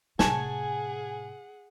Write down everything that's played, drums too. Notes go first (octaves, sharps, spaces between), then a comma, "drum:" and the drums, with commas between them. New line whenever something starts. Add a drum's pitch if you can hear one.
A2 C3 G#4 C#5 F#5 G#5 A5, drum: snare